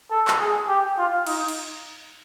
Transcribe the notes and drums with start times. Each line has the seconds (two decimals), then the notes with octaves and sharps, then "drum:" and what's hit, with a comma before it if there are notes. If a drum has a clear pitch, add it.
0.11 A4
0.28 drum: clap
0.40 G#4
0.69 G4
0.98 F4
1.27 D#4, drum: cymbal
1.48 drum: cymbal